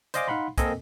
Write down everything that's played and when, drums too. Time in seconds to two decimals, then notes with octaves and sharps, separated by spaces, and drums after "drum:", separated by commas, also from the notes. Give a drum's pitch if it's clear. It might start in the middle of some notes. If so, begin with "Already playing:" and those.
0.14 C5 D5 D#5 F5 G#5 D6, drum: hi-hat
0.28 D#4 F5 F#5 B5 C6
0.58 A#3 C4 A4 A#4 D#5 G#5, drum: kick, hi-hat